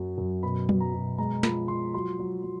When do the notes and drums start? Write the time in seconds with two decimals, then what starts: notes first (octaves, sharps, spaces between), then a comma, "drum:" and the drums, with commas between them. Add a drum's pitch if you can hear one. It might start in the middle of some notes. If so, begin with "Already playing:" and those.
Already playing: F#2 F#3
0.18 F#2
0.43 B2 B5
0.69 B2, drum: tom F#3
0.80 A#5
0.94 B2
1.18 G#3 A#5
1.43 F3 B5, drum: snare
1.68 F3 C6
1.94 F#3 C6
2.19 F#3
2.43 F#3